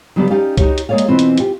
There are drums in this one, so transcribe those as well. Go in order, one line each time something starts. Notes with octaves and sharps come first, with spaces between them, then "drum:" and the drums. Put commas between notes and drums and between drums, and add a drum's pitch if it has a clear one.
C#3 F#3 G3 B3 F#4 D5
C#4 D#4 G4 D5 F5
D#4 F#4 G4 C#5, drum: kick C2, hi-hat
drum: hi-hat
G#3 A#3 G#4 C#5 D5 F5
drum: hi-hat
B2 E3 C4 F4
drum: hi-hat
F4 G4, drum: hi-hat